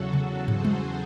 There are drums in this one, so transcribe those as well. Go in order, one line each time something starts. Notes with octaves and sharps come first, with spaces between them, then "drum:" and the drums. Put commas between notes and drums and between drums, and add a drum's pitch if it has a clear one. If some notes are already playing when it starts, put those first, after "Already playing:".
Already playing: E2 C#3 F#3 F#4 A4
drum: tom C3
G#4 C5, drum: tom
drum: tom G3